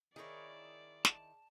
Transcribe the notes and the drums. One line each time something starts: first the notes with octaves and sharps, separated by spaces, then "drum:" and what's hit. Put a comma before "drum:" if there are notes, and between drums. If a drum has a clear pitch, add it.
D#3 E4 G#4 A#4 C#5 D5
A5, drum: snare